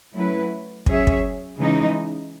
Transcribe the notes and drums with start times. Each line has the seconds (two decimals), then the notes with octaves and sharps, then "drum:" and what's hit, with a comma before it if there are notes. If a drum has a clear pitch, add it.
0.14 F#3 A3 C#4 E4 B4
0.86 F#3 C#4 G#4 C#5 E5, drum: kick
1.07 drum: kick
1.59 C#3 E3 G#3 D#4